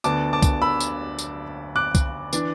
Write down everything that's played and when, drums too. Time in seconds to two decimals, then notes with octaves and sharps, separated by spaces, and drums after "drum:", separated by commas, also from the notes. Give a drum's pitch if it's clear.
0.04 D2 D3 B3 D4 A5 D6, drum: tambourine
0.33 A5 D6
0.42 drum: kick C2, tambourine
0.62 B5 E6
0.81 drum: tambourine
1.19 drum: tambourine
1.76 D6 F#6
1.95 drum: kick C2, tambourine
2.33 E3 D4, drum: tambourine